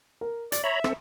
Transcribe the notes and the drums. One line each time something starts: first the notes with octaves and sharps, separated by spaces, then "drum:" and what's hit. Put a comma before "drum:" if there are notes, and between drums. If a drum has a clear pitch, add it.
A#4
D5 A6, drum: hi-hat
C#5 E5 A#5 B5
C4 A4, drum: rim click